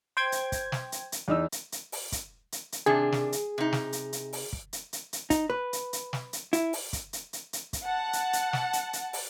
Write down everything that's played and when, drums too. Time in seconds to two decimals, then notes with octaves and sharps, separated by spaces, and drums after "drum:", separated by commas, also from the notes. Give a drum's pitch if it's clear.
0.17 C5 G5 G#6
0.32 drum: hi-hat
0.52 drum: kick, hi-hat
0.72 drum: snare
0.92 drum: hi-hat
1.12 drum: hi-hat
1.28 E2 D#4 E6
1.52 drum: hi-hat
1.72 drum: hi-hat
1.92 drum: open hi-hat
2.12 drum: kick, hi-hat
2.52 drum: hi-hat
2.72 drum: hi-hat
2.86 C3 D#3 D4 G#4
3.12 drum: snare
3.32 drum: hi-hat
3.58 C3 D#4
3.73 drum: snare
3.93 drum: hi-hat
4.13 drum: hi-hat
4.33 drum: open hi-hat
4.53 drum: kick
4.73 drum: hi-hat
4.93 drum: hi-hat
5.13 drum: hi-hat
5.30 D#4, drum: kick, hi-hat
5.50 B4
5.73 drum: hi-hat
5.93 drum: hi-hat
6.13 drum: snare
6.33 drum: hi-hat
6.53 E4, drum: hi-hat
6.73 drum: open hi-hat
6.93 drum: kick, hi-hat
7.13 drum: hi-hat
7.33 drum: hi-hat
7.53 drum: hi-hat
7.73 drum: kick, hi-hat
7.85 F#5 A5
8.13 drum: hi-hat
8.33 drum: hi-hat
8.53 drum: snare
8.73 drum: hi-hat
8.93 drum: hi-hat
9.13 drum: open hi-hat